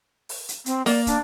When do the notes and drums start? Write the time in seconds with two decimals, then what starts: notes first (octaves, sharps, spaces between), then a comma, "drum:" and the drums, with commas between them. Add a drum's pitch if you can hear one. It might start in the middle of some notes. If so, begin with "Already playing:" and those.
0.29 drum: open hi-hat
0.49 drum: hi-hat
0.66 C4, drum: hi-hat
0.86 A#3 D5, drum: open hi-hat
1.07 D4, drum: kick, hi-hat